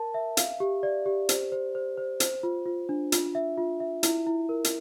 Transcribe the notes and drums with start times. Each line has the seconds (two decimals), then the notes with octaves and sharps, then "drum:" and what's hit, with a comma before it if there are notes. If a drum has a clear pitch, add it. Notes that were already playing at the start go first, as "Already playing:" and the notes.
Already playing: A#4 A5
0.14 E5
0.37 F5, drum: hi-hat
0.60 G4
0.83 D5
1.06 G4
1.29 C5, drum: hi-hat
1.52 C5
1.75 C5
1.97 C5
2.20 C5, drum: hi-hat
2.43 F4
2.66 F4
2.89 D4
3.12 F4, drum: hi-hat
3.35 E5
3.58 F4
3.80 E5
4.03 E4, drum: hi-hat
4.26 E4
4.49 A#4
4.64 drum: hi-hat